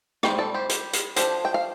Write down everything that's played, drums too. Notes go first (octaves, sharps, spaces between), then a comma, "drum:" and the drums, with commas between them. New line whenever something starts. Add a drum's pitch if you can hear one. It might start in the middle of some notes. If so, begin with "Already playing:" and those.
G3 C4 D5 G5, drum: rim click
A4 D5
G4 C5
G4, drum: hi-hat
drum: hi-hat
F3 D4 G4, drum: hi-hat
G5
F5